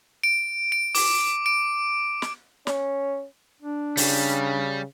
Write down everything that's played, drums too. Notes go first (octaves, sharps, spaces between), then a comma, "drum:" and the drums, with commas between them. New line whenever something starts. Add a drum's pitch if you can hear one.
D7
D7
D6, drum: open hi-hat
D7
drum: snare
C#4, drum: snare
D4
C#3 G3, drum: open hi-hat